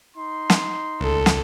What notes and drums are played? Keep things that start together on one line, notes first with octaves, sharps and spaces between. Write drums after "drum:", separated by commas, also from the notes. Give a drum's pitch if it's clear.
D#4 C6
drum: snare
C#2 A4
drum: snare